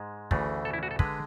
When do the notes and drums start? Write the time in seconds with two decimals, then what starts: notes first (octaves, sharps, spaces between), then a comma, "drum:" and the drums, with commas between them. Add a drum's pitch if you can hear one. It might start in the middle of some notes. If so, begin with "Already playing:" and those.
Already playing: G#2 G#3
0.31 D2 C#3 E3 A3, drum: kick
0.65 A4
0.73 E4
0.83 F#4
0.91 A4
0.99 D3 G#3 B4, drum: kick